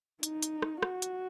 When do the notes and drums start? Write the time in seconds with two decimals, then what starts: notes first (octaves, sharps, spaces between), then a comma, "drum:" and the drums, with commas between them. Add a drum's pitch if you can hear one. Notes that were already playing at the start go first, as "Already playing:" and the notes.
0.23 D#4, drum: hi-hat
0.43 drum: hi-hat
0.62 drum: rim click
0.83 F#4, drum: rim click
1.02 drum: hi-hat